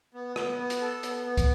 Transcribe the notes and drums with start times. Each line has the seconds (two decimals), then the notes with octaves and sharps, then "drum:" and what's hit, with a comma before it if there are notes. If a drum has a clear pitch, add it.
0.14 B3
0.36 B3, drum: rim click
0.58 B3
0.70 drum: hi-hat
0.81 A4
1.03 B3, drum: hi-hat
1.26 B3
1.37 drum: kick, hi-hat